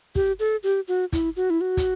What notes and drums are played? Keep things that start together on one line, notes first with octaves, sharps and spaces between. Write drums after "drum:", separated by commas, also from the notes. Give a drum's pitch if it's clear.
G4, drum: kick
A4
G4
F#4
E4, drum: kick, hi-hat
F#4
E4
F#4
drum: kick, hi-hat